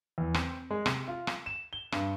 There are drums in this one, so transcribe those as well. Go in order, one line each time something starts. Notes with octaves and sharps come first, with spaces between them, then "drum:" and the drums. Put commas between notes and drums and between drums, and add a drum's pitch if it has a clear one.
E2
C4, drum: rim click
G#3
C3, drum: rim click
F4
drum: rim click
E7
G7
G2, drum: rim click